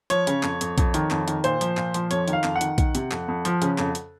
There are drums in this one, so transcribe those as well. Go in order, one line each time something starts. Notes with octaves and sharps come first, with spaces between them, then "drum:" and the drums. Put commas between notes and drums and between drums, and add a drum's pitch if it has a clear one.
F3 C#5, drum: hi-hat
C#3, drum: hi-hat
F2, drum: clap
F2, drum: hi-hat
F2, drum: kick A#1, hi-hat
D#3, drum: hi-hat
F2, drum: clap
D#3, drum: hi-hat
A#2 C5, drum: hi-hat
F3, drum: hi-hat
A#2, drum: clap
F3, drum: hi-hat
F2 C#5, drum: hi-hat
D#3, drum: hi-hat
F5
F2, drum: clap
F#5
D#3, drum: hi-hat
D#3, drum: kick A#1, hi-hat
C3, drum: hi-hat
F2, drum: clap
F2
F3, drum: hi-hat
C#3, drum: hi-hat
F2, drum: clap
drum: hi-hat